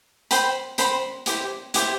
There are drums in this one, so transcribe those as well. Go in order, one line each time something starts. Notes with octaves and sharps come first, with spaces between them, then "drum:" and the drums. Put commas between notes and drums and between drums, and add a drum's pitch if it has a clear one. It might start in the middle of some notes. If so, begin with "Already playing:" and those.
C5 G5 B5, drum: hi-hat
C5 G5 B5, drum: hi-hat
E4 G4 C5, drum: hi-hat
E4 G4 C5, drum: hi-hat